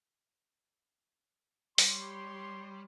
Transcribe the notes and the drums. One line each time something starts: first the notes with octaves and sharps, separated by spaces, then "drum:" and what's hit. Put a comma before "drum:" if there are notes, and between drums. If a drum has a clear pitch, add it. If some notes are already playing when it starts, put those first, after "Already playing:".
G3 G4 C#5 C6, drum: open hi-hat